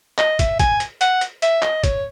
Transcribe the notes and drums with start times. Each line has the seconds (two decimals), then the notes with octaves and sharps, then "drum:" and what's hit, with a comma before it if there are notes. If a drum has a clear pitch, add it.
0.18 D#5, drum: clap
0.39 E5, drum: kick, hi-hat
0.59 G#5, drum: kick, hi-hat
0.80 drum: hi-hat
1.01 F#5, drum: hi-hat
1.21 drum: hi-hat
1.42 E5, drum: hi-hat
1.62 D#5, drum: clap
1.84 C#5, drum: kick, hi-hat